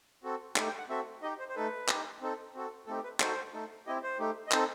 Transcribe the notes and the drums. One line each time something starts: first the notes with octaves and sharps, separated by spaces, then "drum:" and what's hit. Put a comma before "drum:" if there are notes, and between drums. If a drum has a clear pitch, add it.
C4 F#4 A4
A3 D#4 G4 B5, drum: clap
G5
F#5
C4 F#4 A4 E5
D#4 G4 D#5
C5
C5
A3 D#4 A4 B4
D#4 G4, drum: clap
C4 D#4 A4
C4 F#4 A4
A3 C4 D#4 G4 A4
B4
D#4 F#4 A4 C5, drum: clap
A3 D#4 A4
C4 E4 G4 D#5
C5
A3 D#4 G4
D#5
C4 D#4 A4 C5, drum: clap